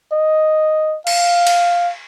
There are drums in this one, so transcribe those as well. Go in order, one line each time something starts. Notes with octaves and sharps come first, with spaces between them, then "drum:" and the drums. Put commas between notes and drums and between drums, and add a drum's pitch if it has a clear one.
D#5
F5, drum: cymbal
drum: cymbal